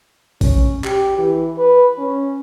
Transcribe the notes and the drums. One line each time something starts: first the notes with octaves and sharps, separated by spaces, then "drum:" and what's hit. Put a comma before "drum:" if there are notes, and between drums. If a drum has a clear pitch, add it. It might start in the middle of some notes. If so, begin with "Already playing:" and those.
C#4, drum: kick A#1, open hi-hat
G4, drum: clap
E3
B4
C#4